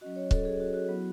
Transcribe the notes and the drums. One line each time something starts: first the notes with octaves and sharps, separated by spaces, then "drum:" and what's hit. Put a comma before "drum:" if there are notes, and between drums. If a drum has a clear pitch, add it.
F#3 C#4 F#4 D#5
C#5
A4, drum: kick C#1
G#4
F#4
F#4
F#3 B3 E4